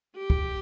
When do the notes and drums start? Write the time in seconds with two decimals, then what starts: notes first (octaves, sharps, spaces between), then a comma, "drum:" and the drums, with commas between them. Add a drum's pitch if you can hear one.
0.16 G4
0.30 drum: kick